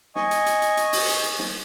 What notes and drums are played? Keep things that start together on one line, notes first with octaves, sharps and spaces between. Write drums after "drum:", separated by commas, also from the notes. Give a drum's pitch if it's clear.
D#5 G#5 C#6, drum: snare
drum: hi-hat
drum: hi-hat
drum: hi-hat
drum: hi-hat
drum: open hi-hat
drum: hi-hat
drum: hi-hat
drum: snare